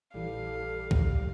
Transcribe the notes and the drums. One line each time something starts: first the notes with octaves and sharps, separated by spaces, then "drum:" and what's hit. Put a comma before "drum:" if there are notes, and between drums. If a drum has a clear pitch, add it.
A#1 E3 G3 A4 F5
drum: kick